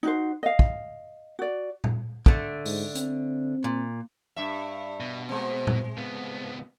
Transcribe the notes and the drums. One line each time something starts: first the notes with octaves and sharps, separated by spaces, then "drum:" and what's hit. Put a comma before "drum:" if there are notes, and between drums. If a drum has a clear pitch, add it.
D#4 F#4 C5
D#5 F5
drum: kick
F#4 D5
drum: tom A#2
D3 A3, drum: kick
G#2, drum: open hi-hat
C4, drum: hi-hat
A#2
G2 E5
B2
G#3 C4
drum: tom A#2
C#2 B3